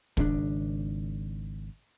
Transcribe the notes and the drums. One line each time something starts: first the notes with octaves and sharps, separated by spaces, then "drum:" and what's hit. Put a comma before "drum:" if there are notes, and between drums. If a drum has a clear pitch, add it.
G#1 C#3 C#4 D4, drum: kick